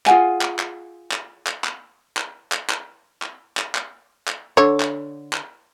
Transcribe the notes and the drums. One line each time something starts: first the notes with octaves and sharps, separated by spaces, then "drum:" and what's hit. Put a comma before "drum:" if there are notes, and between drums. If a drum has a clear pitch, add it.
F4 G#4 F#5 G#5, drum: clap
drum: clap
drum: clap
drum: clap
drum: clap
drum: clap
drum: clap
drum: clap
drum: clap
drum: clap
drum: clap
drum: clap
drum: clap
D3 C#5
drum: clap
drum: clap